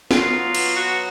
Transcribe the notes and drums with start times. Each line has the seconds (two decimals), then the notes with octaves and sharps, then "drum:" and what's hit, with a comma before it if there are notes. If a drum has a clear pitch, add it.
0.11 B2 F#3 B3 F4, drum: snare
0.55 drum: cymbal
0.76 F#4